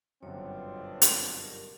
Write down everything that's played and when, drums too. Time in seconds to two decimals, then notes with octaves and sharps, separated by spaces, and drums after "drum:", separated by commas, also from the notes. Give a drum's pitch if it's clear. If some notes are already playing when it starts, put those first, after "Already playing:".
0.23 G1 F#2 B2 C4 D4 F4 C#5
1.02 drum: hi-hat
1.38 G4 A#4